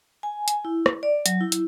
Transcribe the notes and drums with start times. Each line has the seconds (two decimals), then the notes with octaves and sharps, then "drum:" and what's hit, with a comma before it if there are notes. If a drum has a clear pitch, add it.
0.23 G#5
0.48 G#5, drum: hi-hat
0.65 E4
0.86 drum: rim click
1.03 D5
1.26 F#3, drum: hi-hat
1.41 E4
1.52 drum: hi-hat